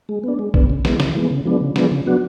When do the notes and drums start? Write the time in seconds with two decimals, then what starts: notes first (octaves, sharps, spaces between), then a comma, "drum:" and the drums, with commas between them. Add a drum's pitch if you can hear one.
0.09 G#3
0.24 B3 D4
0.39 G#3
0.54 B3 D4, drum: kick A#1
0.70 C#3
0.85 E3 G#3 B3, drum: snare
1.00 C#3, drum: snare
1.15 E3 G#3 B3
1.31 C#3
1.45 F3 G#3 B3 D4
1.61 C#3
1.76 F3 G#3 B3 D4, drum: snare
1.91 C#3
2.06 F#3 B3 D4 F#4